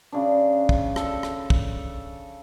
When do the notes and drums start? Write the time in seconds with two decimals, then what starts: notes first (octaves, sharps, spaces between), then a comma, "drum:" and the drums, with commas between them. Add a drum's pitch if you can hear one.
0.12 C#3 D4
0.69 drum: kick
0.96 A4, drum: rim click
1.23 drum: rim click
1.50 drum: kick